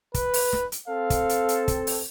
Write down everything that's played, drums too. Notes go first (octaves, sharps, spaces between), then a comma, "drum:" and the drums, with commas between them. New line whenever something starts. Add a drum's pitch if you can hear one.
B4, drum: kick, hi-hat
drum: open hi-hat
drum: snare
drum: hi-hat
C4 A4 F5
drum: kick, hi-hat
drum: hi-hat
drum: hi-hat
drum: kick, hi-hat
drum: open hi-hat